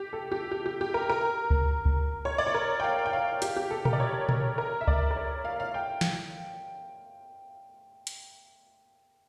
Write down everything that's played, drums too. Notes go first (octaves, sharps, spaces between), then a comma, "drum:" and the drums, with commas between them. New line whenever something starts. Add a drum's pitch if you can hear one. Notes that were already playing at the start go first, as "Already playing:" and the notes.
Already playing: G4
A4
G4
G4
G4
G4
A#4
A#4
drum: kick C#2
drum: kick C#2
C#5
D5
C#5
A#4
G5
F5
G5
F5
G4, drum: hi-hat
G4
A4
A#4, drum: tom A#2
D5
C#5
A#4, drum: tom A#2
A#4
E5
D5, drum: kick C#2
A#4
C#5
F5
F5
G5
drum: snare
drum: hi-hat